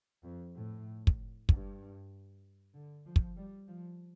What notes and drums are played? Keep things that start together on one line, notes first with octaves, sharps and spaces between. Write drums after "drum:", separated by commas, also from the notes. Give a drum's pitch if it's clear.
F2
A2
drum: kick
G2, drum: kick
D3
F3
drum: kick
G3
F3